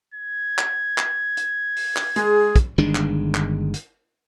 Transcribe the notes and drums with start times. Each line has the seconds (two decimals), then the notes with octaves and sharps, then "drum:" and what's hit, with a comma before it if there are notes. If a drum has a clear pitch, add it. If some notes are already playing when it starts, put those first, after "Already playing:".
0.14 G#6
0.58 drum: clap
0.98 drum: clap
1.37 drum: hi-hat
1.77 drum: open hi-hat
1.96 drum: clap
2.16 G#3 G#4, drum: hi-hat
2.56 drum: kick, hi-hat
2.78 G1 D#3 G#3 D4
2.95 drum: clap
3.34 drum: clap
3.74 drum: hi-hat